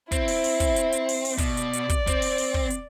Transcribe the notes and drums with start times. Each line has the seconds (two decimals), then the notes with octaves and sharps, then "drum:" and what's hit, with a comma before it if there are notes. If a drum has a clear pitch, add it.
0.12 C4 E4, drum: kick, hi-hat
0.28 drum: open hi-hat
0.44 drum: open hi-hat
0.60 drum: kick, hi-hat
0.76 drum: hi-hat
0.92 drum: hi-hat
1.09 drum: open hi-hat
1.25 drum: open hi-hat
1.38 B2 D5, drum: kick, hi-hat
1.57 drum: hi-hat
1.73 drum: hi-hat
1.89 drum: kick, hi-hat
2.07 C4, drum: kick, hi-hat
2.22 drum: open hi-hat
2.38 drum: open hi-hat
2.54 drum: kick
2.70 drum: hi-hat